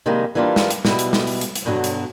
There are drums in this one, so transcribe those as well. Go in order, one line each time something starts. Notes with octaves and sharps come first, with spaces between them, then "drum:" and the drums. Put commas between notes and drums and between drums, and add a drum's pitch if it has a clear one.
C3 D#3 F3 G3 G#3 A#3
E3 G3 A#3 D4 F4
drum: snare
drum: hi-hat
B2 G3 E4, drum: snare
drum: hi-hat
drum: snare
drum: open hi-hat
drum: hi-hat
drum: hi-hat
G2 B2 D3 F3 F#3
drum: hi-hat